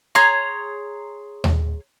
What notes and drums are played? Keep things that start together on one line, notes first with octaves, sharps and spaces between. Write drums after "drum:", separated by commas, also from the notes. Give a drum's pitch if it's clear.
G#4 C#5 A#5 C6, drum: rim click
drum: tom D#2